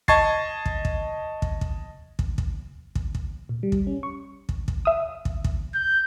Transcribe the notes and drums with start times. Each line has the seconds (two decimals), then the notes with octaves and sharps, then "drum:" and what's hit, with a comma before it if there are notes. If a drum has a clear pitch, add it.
0.08 D#5 A5 C#6 G#6 A6 C7, drum: kick
0.66 drum: kick
0.85 drum: kick
1.42 drum: kick
1.61 drum: kick
2.19 drum: kick
2.38 drum: kick
2.95 drum: kick
3.15 drum: kick
3.49 A#2
3.63 G3
3.72 drum: kick
3.87 C#4
4.03 C#6
4.49 drum: kick
4.68 drum: kick
4.85 E5 D#6
5.25 drum: kick
5.44 drum: kick
5.74 G6